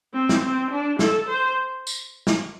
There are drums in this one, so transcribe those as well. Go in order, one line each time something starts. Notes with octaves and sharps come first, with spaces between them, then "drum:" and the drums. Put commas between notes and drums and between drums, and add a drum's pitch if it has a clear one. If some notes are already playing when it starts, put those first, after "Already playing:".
C4
drum: snare
C4
D4
A4, drum: snare
C5
drum: tambourine
drum: snare